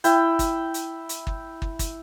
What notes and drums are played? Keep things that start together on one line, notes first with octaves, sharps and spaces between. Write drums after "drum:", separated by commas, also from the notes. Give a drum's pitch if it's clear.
E4 G5, drum: hi-hat
drum: kick, hi-hat
drum: hi-hat
drum: hi-hat
drum: kick
drum: kick
drum: kick, hi-hat